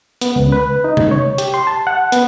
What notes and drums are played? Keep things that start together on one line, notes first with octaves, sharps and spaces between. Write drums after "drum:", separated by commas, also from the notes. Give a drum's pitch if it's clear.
B3, drum: hi-hat
C#2
B4
D#4
drum: tom
C#5
G4, drum: hi-hat
C6
A5
F#5
B3, drum: hi-hat